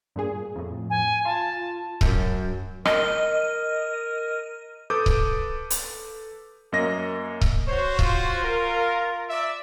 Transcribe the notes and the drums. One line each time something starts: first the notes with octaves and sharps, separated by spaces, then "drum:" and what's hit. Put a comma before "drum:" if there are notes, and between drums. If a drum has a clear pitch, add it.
G2 A#2 G#4
F2 A2
G#5
F4 A5
F#2, drum: kick C#1
A#4 D#5, drum: rim click
A4 B4 D6 D#6 G6
drum: kick C#1
drum: hi-hat
F#2 A#3 D#5 A#6
drum: kick C#1
F#4 C5 C#5
F4, drum: kick C#1
A#4
D5 E5